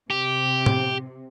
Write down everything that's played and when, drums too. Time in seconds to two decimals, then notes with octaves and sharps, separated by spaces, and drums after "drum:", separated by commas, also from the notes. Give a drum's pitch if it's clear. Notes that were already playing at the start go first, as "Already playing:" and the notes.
0.10 C3 G4
0.66 drum: tom